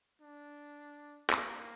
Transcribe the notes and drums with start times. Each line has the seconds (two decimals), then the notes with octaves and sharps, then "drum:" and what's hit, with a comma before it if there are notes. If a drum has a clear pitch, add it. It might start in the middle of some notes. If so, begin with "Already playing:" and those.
0.21 D4
1.30 A#3, drum: clap